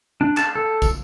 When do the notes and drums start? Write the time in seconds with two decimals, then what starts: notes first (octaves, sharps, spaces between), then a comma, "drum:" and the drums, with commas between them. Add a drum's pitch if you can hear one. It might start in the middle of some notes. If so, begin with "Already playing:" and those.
0.21 D4
0.37 A5, drum: clap
0.55 A4
0.82 drum: kick, tambourine